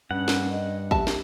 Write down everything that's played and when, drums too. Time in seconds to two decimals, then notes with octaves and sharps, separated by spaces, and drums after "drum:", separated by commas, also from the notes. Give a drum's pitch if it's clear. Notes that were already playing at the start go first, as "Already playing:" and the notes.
0.11 G2 C#4 F#5
0.28 drum: snare
0.51 D#5
0.91 G4 E5 A5, drum: kick
1.07 drum: snare